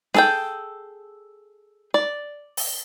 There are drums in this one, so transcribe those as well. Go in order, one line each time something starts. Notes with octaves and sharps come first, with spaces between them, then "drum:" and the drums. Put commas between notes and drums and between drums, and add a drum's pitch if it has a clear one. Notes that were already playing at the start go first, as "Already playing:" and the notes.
G#4 A4 G5, drum: snare
D5
drum: open hi-hat